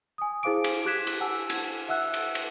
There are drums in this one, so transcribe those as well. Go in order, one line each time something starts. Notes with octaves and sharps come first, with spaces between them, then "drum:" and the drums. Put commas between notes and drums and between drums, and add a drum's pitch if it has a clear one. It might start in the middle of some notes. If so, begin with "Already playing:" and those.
G#5 D#6
E4 G#4 C5 F5 D6 D7
drum: cymbal
G4 D6 F#6 G#6 B6 E7
drum: cymbal
F#5 G#5 A5 E6
G#6, drum: cymbal
E5 F#5 E6 F#6
drum: cymbal
drum: cymbal